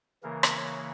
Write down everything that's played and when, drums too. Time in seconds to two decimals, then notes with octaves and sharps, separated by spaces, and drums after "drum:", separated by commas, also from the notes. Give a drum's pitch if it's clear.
0.23 C#3 E3 A#3 A#4
0.43 drum: rim click
0.53 C#5